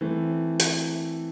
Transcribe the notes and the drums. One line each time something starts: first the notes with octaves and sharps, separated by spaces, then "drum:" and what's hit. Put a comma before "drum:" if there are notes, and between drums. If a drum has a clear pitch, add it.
E3 A3 C4
drum: hi-hat